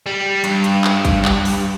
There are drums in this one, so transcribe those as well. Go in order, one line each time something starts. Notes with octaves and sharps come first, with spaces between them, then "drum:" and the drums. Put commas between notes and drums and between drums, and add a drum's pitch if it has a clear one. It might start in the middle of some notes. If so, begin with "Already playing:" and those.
G3
G2, drum: hi-hat
drum: hi-hat
drum: clap
drum: kick, hi-hat
drum: clap
drum: open hi-hat